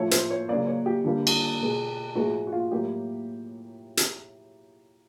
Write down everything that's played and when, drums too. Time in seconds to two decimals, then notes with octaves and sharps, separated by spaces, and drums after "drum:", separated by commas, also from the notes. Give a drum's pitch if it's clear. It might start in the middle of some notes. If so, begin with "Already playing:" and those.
Already playing: A2 F3 A3 C#5
0.11 C5, drum: hi-hat
0.30 C#5
0.48 C#3 F#3 A#3 D5
0.67 C#5
0.86 G4
1.04 D3 G3 A#3
1.27 drum: cymbal
1.61 B2 G#3
2.15 A2 F3 G#3 F#4
2.47 F#4
2.52 F4
2.71 A2 F#3 A#3 G4
3.97 drum: hi-hat